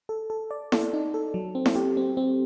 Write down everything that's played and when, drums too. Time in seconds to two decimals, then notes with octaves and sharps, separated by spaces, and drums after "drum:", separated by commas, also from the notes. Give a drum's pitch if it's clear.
0.09 A4
0.30 A4
0.51 D5
0.72 A4, drum: snare E4
0.93 D#4
1.14 A4
1.34 F#3
1.55 C4
1.66 drum: snare E4
1.76 G4
1.97 C4
2.17 C4